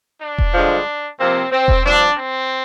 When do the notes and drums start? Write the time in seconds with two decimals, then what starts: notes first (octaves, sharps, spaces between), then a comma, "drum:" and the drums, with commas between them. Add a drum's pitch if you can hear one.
0.22 D4
0.38 drum: kick E1
0.54 G2 D3 F3 G#3
1.19 C3 F3 A#3 C4
1.52 C4
1.68 drum: kick E1
1.84 G2 F3 C4 D4
2.17 C4